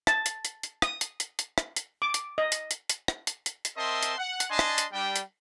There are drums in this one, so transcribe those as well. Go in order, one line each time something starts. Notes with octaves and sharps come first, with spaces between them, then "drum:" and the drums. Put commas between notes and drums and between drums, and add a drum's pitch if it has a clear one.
A5, drum: rim click
drum: hi-hat
drum: hi-hat
drum: hi-hat
D#6, drum: rim click
drum: hi-hat
drum: hi-hat
drum: hi-hat
drum: rim click
drum: hi-hat
D6
drum: hi-hat
D#5
drum: hi-hat
drum: hi-hat
drum: hi-hat
drum: rim click
drum: hi-hat
drum: hi-hat
drum: hi-hat
C4 A#4 D#5 E5 A5 C6
drum: hi-hat
F#5
drum: hi-hat
D4 D#5 G#5 A5 C6
drum: rim click
drum: hi-hat
G3 D4 G5
drum: hi-hat